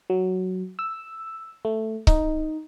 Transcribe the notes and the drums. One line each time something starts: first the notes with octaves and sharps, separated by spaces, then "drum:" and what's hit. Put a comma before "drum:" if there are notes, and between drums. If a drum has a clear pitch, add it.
F#3
E6
A3
D#4, drum: kick C#1